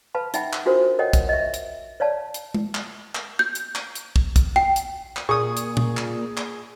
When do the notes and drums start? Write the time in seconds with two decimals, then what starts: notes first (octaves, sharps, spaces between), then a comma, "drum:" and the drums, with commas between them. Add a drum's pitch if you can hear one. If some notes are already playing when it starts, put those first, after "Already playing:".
0.15 B4 F5 A5 B5
0.34 D#4 E5 F#5 G5 B5, drum: hi-hat
0.53 drum: clap
0.66 D4 F4 F#4 A#4 C5
0.99 A#4 C#5 D#5 F#5 G5
1.13 drum: kick, hi-hat
1.29 D#5 E5
1.54 drum: hi-hat
2.00 C#5 D5 F5 A5
2.34 drum: hi-hat
2.54 drum: tom
2.75 drum: clap
3.15 drum: clap
3.39 G6
3.55 drum: hi-hat
3.75 drum: clap
3.95 drum: hi-hat
4.16 drum: kick
4.36 drum: kick, hi-hat
4.56 G5
4.76 drum: hi-hat
5.16 drum: clap
5.29 A#2 G#4 C#6 D#6
5.57 drum: hi-hat
5.77 drum: tom
5.97 drum: clap
6.37 drum: clap